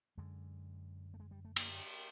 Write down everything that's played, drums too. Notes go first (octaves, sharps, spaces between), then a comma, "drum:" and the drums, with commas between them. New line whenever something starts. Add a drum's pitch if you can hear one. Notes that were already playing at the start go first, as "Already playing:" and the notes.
F#2 D3 G#3
A3
G#3
G3
A3
A#3, drum: cymbal